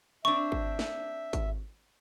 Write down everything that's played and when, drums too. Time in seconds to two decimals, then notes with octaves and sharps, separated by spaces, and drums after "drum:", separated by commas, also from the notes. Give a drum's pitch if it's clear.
0.25 C4 D4 E5 C#6
0.52 drum: kick G#1
0.79 drum: snare
1.33 drum: kick G#1, hi-hat